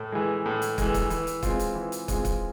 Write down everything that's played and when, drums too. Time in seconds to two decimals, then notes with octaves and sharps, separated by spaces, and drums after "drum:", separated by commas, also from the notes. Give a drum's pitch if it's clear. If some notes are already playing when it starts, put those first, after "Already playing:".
Already playing: A2
0.12 E3 G#3
0.46 A2
0.62 drum: hi-hat
0.78 E3 G#3, drum: kick, hi-hat
0.94 drum: kick, hi-hat
1.10 E3, drum: hi-hat
1.27 drum: hi-hat
1.43 G#3 C4 F4, drum: kick, hi-hat
1.59 drum: hi-hat
1.75 E3
1.92 drum: hi-hat
2.08 G#3 C4 F4, drum: kick, hi-hat
2.25 drum: kick, hi-hat